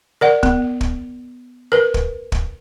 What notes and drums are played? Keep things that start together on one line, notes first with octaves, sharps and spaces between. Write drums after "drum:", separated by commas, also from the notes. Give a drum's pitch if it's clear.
A#4 D5 F#5
B3, drum: kick
drum: kick
A#4 B4
drum: kick
drum: kick